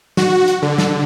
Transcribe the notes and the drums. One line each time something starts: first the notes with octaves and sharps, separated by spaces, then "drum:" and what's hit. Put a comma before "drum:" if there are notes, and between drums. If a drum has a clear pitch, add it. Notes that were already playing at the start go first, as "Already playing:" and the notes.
F#4, drum: snare
drum: hi-hat
D3
drum: snare